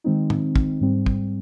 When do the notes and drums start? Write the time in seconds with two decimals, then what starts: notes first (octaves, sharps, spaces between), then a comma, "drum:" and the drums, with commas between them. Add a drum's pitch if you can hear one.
0.04 D#3 G#3 C4 D#4
0.30 drum: tom
0.56 drum: kick
0.81 G#2 G3 C4
1.06 drum: kick